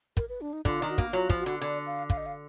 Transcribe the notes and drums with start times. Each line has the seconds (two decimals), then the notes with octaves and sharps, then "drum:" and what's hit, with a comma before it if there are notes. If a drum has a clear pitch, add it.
0.17 A#4, drum: kick, hi-hat
0.29 B4
0.41 D4
0.53 D#4
0.65 D3 F4, drum: kick, hi-hat
0.82 D#3, drum: hi-hat
0.89 F#4
0.98 A#3, drum: kick, hi-hat
1.13 F#3 F4, drum: hi-hat
1.30 F3, drum: kick, hi-hat
1.38 F#4
1.46 D3, drum: hi-hat
1.61 D3 D5, drum: hi-hat
1.86 F5
2.10 F5, drum: kick, hi-hat
2.18 D#5
2.26 F5